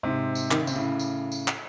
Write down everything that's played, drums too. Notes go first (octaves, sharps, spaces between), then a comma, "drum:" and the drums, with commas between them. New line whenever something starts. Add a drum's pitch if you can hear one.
G#2 C3
drum: tambourine
D#3, drum: clap
C#3
C3, drum: tambourine
A2 C#3
drum: tambourine
drum: tambourine
drum: clap